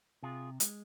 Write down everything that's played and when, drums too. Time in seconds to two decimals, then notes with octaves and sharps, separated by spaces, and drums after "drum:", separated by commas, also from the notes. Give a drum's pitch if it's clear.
0.23 C3 F4 G#4
0.60 G#3, drum: hi-hat